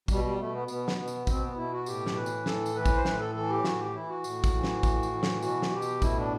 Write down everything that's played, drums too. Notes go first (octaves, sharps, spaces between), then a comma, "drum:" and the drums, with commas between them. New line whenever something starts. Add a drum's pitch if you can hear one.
B2 G3, drum: kick, tambourine
G3
B2 A3
B3
B2 B3, drum: tambourine
drum: snare
B2 B3
drum: tambourine
B2 C4, drum: kick, tambourine
B3
B2 E4
F#4
A2 G4, drum: tambourine
drum: snare
E3 B4
drum: tambourine
A2 A4, drum: snare
drum: tambourine
E3 B4
drum: kick, tambourine
C5
A2 B4, drum: snare
A4
E3 A4
G4
A2 F#4, drum: snare
G4
E3 E4
F#4
A2, drum: tambourine
drum: kick, tambourine
E3
drum: snare
A2, drum: kick, tambourine
drum: tambourine
E3
drum: snare
B2 F#4, drum: tambourine
drum: snare
B2 G4
drum: tambourine
A2 E4, drum: kick, tambourine
D4